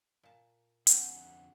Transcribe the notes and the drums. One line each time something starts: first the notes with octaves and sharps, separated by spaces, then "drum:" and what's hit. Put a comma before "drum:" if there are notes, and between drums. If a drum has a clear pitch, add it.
A#2 A5
F2 D3 C4 F#4 F#5 G#5, drum: hi-hat